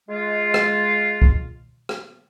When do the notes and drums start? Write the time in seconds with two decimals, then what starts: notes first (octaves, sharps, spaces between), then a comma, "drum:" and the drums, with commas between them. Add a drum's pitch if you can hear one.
0.09 G#3 F4
0.54 drum: rim click
1.22 drum: kick
1.89 drum: rim click